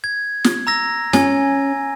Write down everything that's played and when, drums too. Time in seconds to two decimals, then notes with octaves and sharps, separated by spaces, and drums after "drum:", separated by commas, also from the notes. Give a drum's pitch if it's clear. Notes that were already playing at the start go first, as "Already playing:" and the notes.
0.04 G#6
0.44 drum: snare
0.67 A#5 E6 A#6
1.13 C#4 G#5, drum: snare